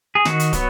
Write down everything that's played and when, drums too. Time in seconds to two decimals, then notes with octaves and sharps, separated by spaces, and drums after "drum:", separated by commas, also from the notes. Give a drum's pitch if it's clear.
0.15 G#4
0.25 D#3 F#4, drum: snare
0.40 drum: hi-hat
0.53 F#3 B3, drum: kick, hi-hat